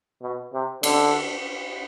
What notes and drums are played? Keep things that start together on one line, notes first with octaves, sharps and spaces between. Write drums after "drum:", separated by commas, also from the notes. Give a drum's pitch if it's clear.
B2
C3
D3, drum: cymbal